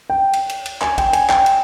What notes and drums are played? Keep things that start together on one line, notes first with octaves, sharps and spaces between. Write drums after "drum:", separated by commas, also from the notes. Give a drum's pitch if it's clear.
G5
drum: cymbal
drum: cymbal
drum: cymbal
G#5, drum: clap
G5, drum: kick, cymbal
G#5, drum: cymbal
G5, drum: clap
drum: cymbal